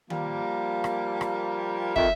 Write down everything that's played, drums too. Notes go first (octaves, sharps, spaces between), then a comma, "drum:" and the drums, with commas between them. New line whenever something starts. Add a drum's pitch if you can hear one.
F3 G3 A#3, drum: tom D#3
drum: rim click
drum: rim click
F2 D#3 E5, drum: kick